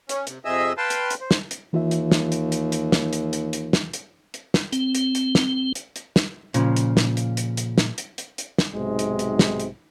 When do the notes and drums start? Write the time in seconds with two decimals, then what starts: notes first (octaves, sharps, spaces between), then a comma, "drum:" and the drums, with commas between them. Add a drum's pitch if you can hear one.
0.09 C#4, drum: hi-hat
0.27 C3, drum: hi-hat
0.45 F2 C3 G#4 D#5 E5 E6
0.77 B4 F5 G5 A5 C6
0.90 drum: hi-hat
1.10 drum: hi-hat
1.21 C5
1.31 drum: snare
1.51 drum: hi-hat
1.73 D#2 E3 F4 E5
1.91 drum: hi-hat
2.12 drum: snare
2.32 drum: hi-hat
2.52 drum: hi-hat
2.72 drum: hi-hat
2.92 drum: snare
3.13 drum: hi-hat
3.33 drum: hi-hat
3.53 drum: hi-hat
3.73 drum: snare
3.93 drum: hi-hat
4.34 drum: hi-hat
4.54 drum: snare
4.73 C4, drum: hi-hat
4.95 drum: hi-hat
5.15 drum: hi-hat
5.35 drum: snare
5.75 drum: hi-hat
5.96 drum: hi-hat
6.16 drum: snare
6.54 A#2 C#3 F3, drum: hi-hat
6.77 drum: hi-hat
6.97 drum: snare
7.17 drum: hi-hat
7.37 drum: hi-hat
7.57 drum: hi-hat
7.78 drum: snare
7.98 drum: hi-hat
8.18 drum: hi-hat
8.38 drum: hi-hat
8.58 drum: snare
8.74 B1 G#2 C3 G#3
8.99 drum: hi-hat
9.19 drum: hi-hat
9.39 drum: snare
9.60 drum: hi-hat